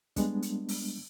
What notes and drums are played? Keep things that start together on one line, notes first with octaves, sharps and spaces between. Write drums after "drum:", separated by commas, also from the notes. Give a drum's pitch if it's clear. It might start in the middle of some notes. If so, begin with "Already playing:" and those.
G3 G#3 B3 D4, drum: kick, hi-hat
drum: hi-hat
drum: open hi-hat